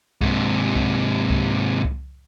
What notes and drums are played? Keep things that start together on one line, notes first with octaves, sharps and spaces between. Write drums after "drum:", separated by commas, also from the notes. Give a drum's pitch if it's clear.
G#2 C3, drum: kick C2
drum: kick C2
drum: kick C2
drum: kick C2